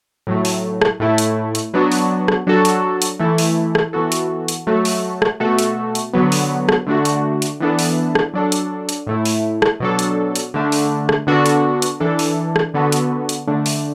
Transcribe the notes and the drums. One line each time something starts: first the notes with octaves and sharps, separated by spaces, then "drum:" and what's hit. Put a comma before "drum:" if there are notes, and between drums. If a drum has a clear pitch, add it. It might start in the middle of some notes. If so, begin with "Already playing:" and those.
A2 F#3 A3
drum: open hi-hat
drum: rim click
A2 A3 E4
drum: hi-hat
drum: hi-hat
F#3 B3 D4 F#4
drum: open hi-hat
drum: rim click
F#3 D4 F#4 A4
drum: hi-hat
drum: hi-hat
E3 A3 E4 A4
drum: open hi-hat
drum: rim click
E3 B3 F#4 A4
drum: hi-hat
drum: hi-hat
F#3 A3 F#4 A4
drum: open hi-hat
drum: rim click
B2 A3 F#4 A4
drum: hi-hat
drum: hi-hat
D3 F#3 B3
drum: open hi-hat
drum: rim click
D3 A3 D4 F#4
drum: hi-hat
drum: hi-hat
E3 B3 D4 A4
drum: open hi-hat
drum: rim click
F#3 D4 A4
drum: hi-hat
drum: hi-hat
A2 A3 E4
drum: open hi-hat
drum: rim click
B2 F#3 D4 A4
drum: hi-hat
drum: hi-hat
D3 A3 D4
drum: open hi-hat
drum: rim click
D3 B3 D4 F#4 A4
drum: hi-hat
drum: hi-hat
E3 D4 A4
drum: open hi-hat
drum: rim click
D3 B3 F#4 A4
drum: hi-hat
drum: hi-hat
D3 A3 D4
drum: open hi-hat